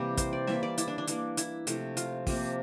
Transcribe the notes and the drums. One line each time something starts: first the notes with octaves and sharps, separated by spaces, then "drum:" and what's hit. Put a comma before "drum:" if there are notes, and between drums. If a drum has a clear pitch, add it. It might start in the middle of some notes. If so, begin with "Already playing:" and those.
Already playing: C3 E3 G3 A#3
C5, drum: kick, hi-hat
D5
E3 G3 A#3 E5, drum: snare
D5
E4, drum: hi-hat
D4
D4
E3 A#3, drum: hi-hat
E4, drum: hi-hat
C3 F3 A3, drum: hi-hat
F4, drum: hi-hat
C3 F3 A#3, drum: kick, open hi-hat